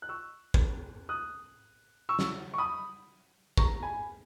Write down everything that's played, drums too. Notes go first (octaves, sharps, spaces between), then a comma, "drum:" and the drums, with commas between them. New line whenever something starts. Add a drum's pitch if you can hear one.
F#6
C#6 E6
drum: kick
D#6 F#6
C#6 E6
drum: snare
C#6
B5 D#6
A#5 C#6, drum: kick
G#5 B5